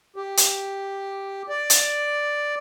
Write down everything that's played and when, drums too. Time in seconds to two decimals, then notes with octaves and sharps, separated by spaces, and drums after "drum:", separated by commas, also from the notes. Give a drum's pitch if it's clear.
0.16 G4
0.37 drum: hi-hat
1.49 D5
1.70 drum: hi-hat